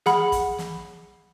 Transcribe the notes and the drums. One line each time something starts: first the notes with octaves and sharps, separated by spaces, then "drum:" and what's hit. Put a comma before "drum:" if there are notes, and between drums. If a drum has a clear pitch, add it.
G#4 F#5 B5, drum: snare
drum: kick, hi-hat
drum: snare